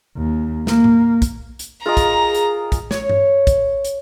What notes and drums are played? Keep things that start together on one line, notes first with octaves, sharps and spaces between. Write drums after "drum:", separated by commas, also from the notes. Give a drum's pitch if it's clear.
D#2
A#3, drum: snare
drum: tom A2
drum: kick, hi-hat
drum: hi-hat
F4 G#4 A#4 D#5 A#5
drum: kick, hi-hat
drum: hi-hat
drum: kick, hi-hat
C#5, drum: snare
drum: tom G2
drum: kick, hi-hat
drum: hi-hat